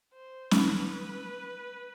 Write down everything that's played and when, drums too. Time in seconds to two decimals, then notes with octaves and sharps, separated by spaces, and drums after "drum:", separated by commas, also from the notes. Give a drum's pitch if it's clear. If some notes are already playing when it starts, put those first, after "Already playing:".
0.14 C5
0.51 B4, drum: snare